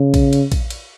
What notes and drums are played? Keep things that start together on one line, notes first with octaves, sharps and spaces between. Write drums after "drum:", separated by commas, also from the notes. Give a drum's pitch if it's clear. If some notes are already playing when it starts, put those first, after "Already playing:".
Already playing: C#3
drum: kick A#1, cymbal
drum: cymbal
drum: kick A#1, cymbal
drum: cymbal